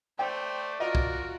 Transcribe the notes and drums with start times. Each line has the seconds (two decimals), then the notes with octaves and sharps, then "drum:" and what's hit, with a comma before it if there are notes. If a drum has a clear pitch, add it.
0.19 A3 C5 D5 G5
0.80 F4 F#4 A#4 D#5
0.95 drum: kick